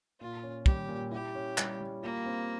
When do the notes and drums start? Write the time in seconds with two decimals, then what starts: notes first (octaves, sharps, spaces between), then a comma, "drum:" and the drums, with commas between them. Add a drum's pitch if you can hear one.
0.21 A#2 F4
0.43 C#4
0.66 G3 G4, drum: kick
0.89 A#2
1.11 E4 G4
1.35 C#4
1.58 G3, drum: clap
1.80 G3
2.03 A#3 F4
2.26 C4